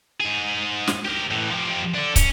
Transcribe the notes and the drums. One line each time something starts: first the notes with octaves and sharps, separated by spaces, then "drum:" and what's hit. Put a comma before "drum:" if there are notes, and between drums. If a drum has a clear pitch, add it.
G#2 G#4
drum: snare
G4 A#4
A2 E3
F3 G4
D3 D4
C#4, drum: kick, hi-hat